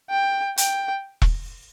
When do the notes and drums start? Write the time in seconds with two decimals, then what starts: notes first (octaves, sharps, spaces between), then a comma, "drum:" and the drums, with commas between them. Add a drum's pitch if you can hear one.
0.10 G5
0.58 G5, drum: hi-hat
1.22 drum: kick E1